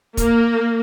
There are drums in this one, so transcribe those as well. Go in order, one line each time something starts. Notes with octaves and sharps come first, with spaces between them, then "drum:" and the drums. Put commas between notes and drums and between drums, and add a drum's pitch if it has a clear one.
A#3, drum: kick, hi-hat